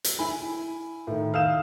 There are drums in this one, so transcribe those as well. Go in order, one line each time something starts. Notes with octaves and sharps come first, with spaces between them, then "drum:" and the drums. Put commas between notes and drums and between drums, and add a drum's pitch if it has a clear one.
drum: hi-hat
E4 G#5 B5
A2 D#3
F5 D#6 E6 G6 E7